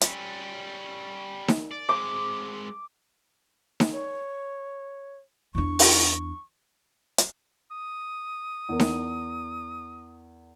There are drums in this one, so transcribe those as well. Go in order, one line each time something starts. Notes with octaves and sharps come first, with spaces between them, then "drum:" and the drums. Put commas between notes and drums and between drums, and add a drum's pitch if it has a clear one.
G3 C#4, drum: hi-hat
drum: snare D#4
D5
G#3 C4 D6
drum: snare D#4
C#5
E2 D4 C#6
drum: open hi-hat
drum: hi-hat
D#6
E2 A#4
drum: snare D#4